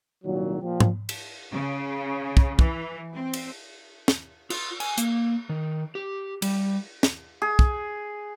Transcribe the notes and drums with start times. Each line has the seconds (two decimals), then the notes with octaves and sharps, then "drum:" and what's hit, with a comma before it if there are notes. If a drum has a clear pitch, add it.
0.25 C2 A#2 D#3 F#3
0.62 A#2 F3 G4
0.80 drum: tom
1.09 drum: cymbal
1.53 C#3
2.37 drum: kick
2.59 E3, drum: kick
3.15 C4
3.33 drum: cymbal
4.08 drum: snare
4.50 F4, drum: cymbal
4.80 G#5, drum: cymbal
4.98 A#3, drum: hi-hat
5.49 D#3
5.95 G4
6.42 G3, drum: cymbal
7.03 drum: snare
7.42 G#4
7.59 drum: kick